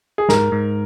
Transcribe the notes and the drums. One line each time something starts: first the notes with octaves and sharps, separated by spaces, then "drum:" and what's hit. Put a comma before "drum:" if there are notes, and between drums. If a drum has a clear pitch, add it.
G#4
G#2 A#4, drum: snare
G#2